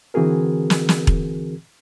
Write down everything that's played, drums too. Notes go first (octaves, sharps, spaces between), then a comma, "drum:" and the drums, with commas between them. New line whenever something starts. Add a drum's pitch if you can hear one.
D3 E3 C4 F#4 G#4 A#4
drum: snare
drum: snare
drum: kick E1